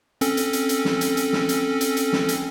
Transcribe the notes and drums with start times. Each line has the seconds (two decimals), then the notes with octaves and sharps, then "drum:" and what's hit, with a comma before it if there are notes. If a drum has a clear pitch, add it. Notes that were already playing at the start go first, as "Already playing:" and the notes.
0.21 C4 C#4 A4, drum: hi-hat
0.37 drum: hi-hat
0.53 drum: hi-hat
0.69 drum: hi-hat
0.85 drum: snare
1.01 drum: hi-hat
1.17 drum: hi-hat
1.33 drum: snare
1.49 drum: hi-hat
1.81 drum: hi-hat
1.97 drum: hi-hat
2.13 drum: snare
2.29 drum: hi-hat